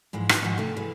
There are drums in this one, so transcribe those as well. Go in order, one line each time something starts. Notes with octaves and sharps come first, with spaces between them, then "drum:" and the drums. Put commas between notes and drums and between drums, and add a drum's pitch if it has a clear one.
G#2 E3 F3 G#3
D#4 E4 F#4 G4 B4, drum: rim click
G#2 D#3 F3 D#4 F#4
C3 A3
E3 G#4